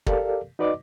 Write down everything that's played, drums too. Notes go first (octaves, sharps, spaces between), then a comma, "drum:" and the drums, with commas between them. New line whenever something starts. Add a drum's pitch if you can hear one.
G4 A4 A#4 D5 F5, drum: kick
D#4 F#4 B4 D5 D#5 D6